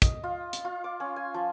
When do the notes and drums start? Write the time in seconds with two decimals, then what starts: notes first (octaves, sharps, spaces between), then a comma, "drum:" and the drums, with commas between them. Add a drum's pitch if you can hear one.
0.02 D#5, drum: kick, hi-hat
0.24 F4
0.53 drum: hi-hat
0.65 F4
0.84 D6
1.00 C#4
1.16 G#5
1.34 F3